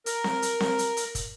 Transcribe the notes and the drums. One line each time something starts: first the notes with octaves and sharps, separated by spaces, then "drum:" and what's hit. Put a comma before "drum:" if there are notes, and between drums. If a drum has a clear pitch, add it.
A#4, drum: hi-hat
drum: snare C4
drum: hi-hat
drum: snare C4
drum: hi-hat
drum: hi-hat
drum: kick, hi-hat